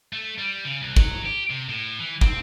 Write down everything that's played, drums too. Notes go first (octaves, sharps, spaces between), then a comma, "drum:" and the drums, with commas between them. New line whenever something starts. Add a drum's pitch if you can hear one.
A3
G3
C#3
C2
F#3, drum: kick
G4
C3
A2
E3
C4, drum: kick